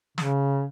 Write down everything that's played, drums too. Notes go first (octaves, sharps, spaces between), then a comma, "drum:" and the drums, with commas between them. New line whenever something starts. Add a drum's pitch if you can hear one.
C#3, drum: snare